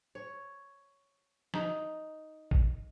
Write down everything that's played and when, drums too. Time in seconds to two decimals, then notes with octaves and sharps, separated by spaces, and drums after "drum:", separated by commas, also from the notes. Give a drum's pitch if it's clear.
0.15 C#5
1.54 D#4, drum: snare
2.51 drum: kick